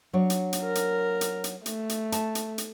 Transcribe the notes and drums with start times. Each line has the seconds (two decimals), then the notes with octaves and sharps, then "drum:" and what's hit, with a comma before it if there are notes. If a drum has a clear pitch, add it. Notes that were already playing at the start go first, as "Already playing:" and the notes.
0.13 F#3 D4 C#5
0.30 drum: hi-hat
0.53 drum: hi-hat
0.62 A#4
0.75 drum: hi-hat
1.21 drum: hi-hat
1.44 drum: hi-hat
1.66 A3, drum: hi-hat
1.89 drum: hi-hat
2.12 A5, drum: hi-hat
2.35 drum: hi-hat
2.58 drum: hi-hat